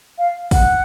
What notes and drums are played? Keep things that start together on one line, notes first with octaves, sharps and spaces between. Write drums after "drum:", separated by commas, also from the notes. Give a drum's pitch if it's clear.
F5
F#5, drum: kick, open hi-hat